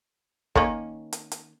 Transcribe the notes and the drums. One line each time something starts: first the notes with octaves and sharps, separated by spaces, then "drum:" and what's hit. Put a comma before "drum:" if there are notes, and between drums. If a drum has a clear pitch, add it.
D#3 A#3 C#4, drum: kick
drum: hi-hat
drum: hi-hat